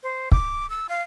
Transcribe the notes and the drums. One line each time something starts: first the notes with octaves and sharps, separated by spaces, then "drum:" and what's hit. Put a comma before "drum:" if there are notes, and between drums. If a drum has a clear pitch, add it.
C5
D6, drum: kick
E6
F5